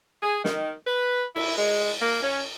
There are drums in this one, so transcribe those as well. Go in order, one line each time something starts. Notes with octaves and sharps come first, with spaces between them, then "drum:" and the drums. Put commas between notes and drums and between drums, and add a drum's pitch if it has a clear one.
G#4
D#3, drum: snare
B4
E4, drum: cymbal
G#3
A#3
C#4